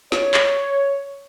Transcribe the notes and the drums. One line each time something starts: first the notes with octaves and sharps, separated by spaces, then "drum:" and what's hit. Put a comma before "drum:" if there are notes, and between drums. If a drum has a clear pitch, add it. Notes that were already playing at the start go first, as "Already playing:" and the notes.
C#5, drum: snare
drum: clap